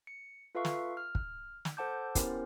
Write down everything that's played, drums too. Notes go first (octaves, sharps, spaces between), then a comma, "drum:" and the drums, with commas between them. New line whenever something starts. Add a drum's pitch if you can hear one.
C#7
F4 A4 B4 E5 F5 C#6
drum: snare
F6
drum: kick
drum: snare
A4 C5 F#5 A5 D6 G6
B3 C#4 E4 G4 A#4 C5, drum: kick, hi-hat